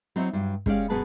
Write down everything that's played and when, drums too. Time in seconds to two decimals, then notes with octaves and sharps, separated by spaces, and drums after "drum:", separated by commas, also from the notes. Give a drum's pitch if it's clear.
0.16 F#3 C4 D#4 E4 C5 C#5
0.33 G2 F#3
0.66 G#3 C#4 G4 D5 F5, drum: kick
0.89 F#2 B2 B3 G#4 B4 A5